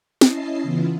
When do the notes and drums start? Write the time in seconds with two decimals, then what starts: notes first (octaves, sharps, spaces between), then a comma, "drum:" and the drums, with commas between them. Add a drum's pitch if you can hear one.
0.21 C#4 E4 D#5 A5 C7, drum: snare
0.63 C#3 E3 B3 E4 F4